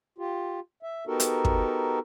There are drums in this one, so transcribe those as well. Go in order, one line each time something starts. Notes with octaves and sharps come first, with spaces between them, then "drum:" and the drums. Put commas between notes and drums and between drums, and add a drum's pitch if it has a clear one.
F4 G4
E5
B3 D#4 F#4 G4 A4 A#4
drum: hi-hat
drum: kick